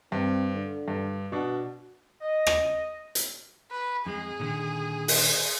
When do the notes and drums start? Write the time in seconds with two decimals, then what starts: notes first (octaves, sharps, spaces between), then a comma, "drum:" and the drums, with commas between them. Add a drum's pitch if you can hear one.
0.12 G2 C4
0.54 D3
0.88 G2
1.32 B2 D4 F#4
2.21 D#5
2.47 drum: rim click
3.15 drum: hi-hat
3.71 B4
4.06 F2 G#3 G#4
4.40 A#2 D3 D#3
5.08 drum: open hi-hat